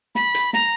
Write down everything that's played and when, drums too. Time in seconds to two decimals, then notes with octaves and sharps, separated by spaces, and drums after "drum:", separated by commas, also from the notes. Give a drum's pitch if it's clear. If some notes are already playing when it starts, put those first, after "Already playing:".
0.15 B5, drum: snare
0.34 drum: hi-hat
0.53 A#5, drum: snare